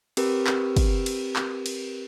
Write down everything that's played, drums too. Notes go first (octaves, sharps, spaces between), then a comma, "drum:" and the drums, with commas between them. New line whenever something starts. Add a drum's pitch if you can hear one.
C4 G4 A#4 B4, drum: cymbal
drum: clap
drum: kick, cymbal
drum: cymbal
drum: clap
drum: cymbal